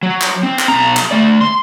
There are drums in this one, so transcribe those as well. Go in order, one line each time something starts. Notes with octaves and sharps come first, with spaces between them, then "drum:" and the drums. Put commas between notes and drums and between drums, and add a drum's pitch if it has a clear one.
F#3
drum: clap
C4
drum: clap
B1 A#5
drum: clap
A3 D5
C6